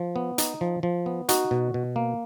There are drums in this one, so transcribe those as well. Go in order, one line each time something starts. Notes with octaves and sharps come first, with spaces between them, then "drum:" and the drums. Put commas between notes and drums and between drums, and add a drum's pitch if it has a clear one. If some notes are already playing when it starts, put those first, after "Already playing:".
Already playing: F3
B3
D#4, drum: hi-hat
F3
F3
B3
D#4 F#4, drum: hi-hat
B2
B2
A#3